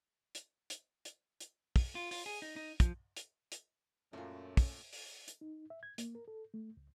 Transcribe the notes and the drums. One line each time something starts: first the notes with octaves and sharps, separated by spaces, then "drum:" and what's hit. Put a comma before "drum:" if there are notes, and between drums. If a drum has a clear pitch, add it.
drum: hi-hat
drum: hi-hat
drum: hi-hat
drum: hi-hat
drum: kick, open hi-hat
F4
F4, drum: open hi-hat
G#4
D#4
D#4
F3, drum: kick, hi-hat
drum: hi-hat
drum: hi-hat
F#2 A#2 A3 C#4 F4
drum: kick, open hi-hat
drum: open hi-hat
drum: hi-hat
D#4
E5
G#6
A#3, drum: hi-hat
A#4
A4
A3
C#2